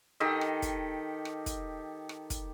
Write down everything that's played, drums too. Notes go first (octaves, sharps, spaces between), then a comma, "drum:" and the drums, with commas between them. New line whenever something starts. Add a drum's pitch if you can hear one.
D#3 G4 A4 D#5
drum: rim click
drum: kick, hi-hat
drum: rim click
drum: kick, hi-hat
drum: rim click
drum: kick, hi-hat